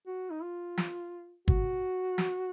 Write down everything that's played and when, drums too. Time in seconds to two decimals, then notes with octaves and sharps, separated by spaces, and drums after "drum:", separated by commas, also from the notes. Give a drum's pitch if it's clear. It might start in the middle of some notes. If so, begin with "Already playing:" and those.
0.07 F#4
0.31 D#4
0.43 F4
0.78 drum: snare
1.48 F#4, drum: kick G1
2.18 drum: snare